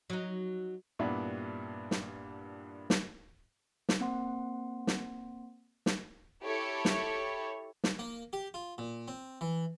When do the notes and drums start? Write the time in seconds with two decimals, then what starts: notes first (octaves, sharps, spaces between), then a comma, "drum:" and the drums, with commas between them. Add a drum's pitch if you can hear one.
0.10 F#3 D#4
0.99 G2 A#2 G3 B3 D4 E4
1.91 drum: snare
2.90 drum: snare
3.89 drum: snare
4.00 A#3 C4 F#5 C6
4.87 drum: snare
5.86 drum: snare
6.45 E4 G4 A4 C#5
6.85 drum: snare
7.84 drum: snare
7.99 A#3
8.33 G4
8.54 F4
8.78 A#2
9.08 C4
9.41 E3